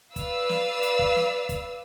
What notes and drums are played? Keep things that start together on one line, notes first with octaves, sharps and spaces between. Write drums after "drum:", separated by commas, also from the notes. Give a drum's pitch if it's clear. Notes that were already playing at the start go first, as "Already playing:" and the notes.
B4 D5 F5 E6, drum: kick, hi-hat
drum: snare
drum: hi-hat
drum: kick
drum: snare
drum: kick, hi-hat